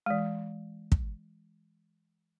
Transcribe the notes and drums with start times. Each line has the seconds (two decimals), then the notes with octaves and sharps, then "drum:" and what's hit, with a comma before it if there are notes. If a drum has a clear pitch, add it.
0.06 E3 G#3
0.92 drum: kick